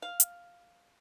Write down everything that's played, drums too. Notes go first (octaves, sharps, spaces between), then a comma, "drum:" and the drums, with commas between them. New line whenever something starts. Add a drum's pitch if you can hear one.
F5
drum: hi-hat